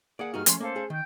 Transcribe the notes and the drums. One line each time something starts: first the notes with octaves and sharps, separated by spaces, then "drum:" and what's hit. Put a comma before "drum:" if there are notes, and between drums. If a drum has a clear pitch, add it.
A#3 G#4 D5 F#5
G2 D#4 F#4 F6
F3 A3 C#4 C#5 G#5 C6, drum: hi-hat
A#3 A4 C5 F5
G#4
D#3 G5